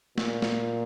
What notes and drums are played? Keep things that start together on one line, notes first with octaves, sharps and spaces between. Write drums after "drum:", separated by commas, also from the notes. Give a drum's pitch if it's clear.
A#2, drum: snare
drum: snare